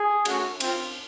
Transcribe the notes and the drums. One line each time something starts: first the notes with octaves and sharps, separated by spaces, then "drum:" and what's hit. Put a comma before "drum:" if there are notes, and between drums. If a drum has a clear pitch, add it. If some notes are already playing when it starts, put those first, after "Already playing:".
Already playing: G#4
A3 C#4 F#4, drum: cymbal
C4 F4, drum: cymbal